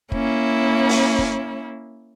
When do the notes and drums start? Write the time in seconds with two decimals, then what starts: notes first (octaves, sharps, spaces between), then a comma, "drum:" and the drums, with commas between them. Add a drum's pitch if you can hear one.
0.12 A#3 C#4 E4, drum: kick
0.89 drum: open hi-hat
1.19 drum: kick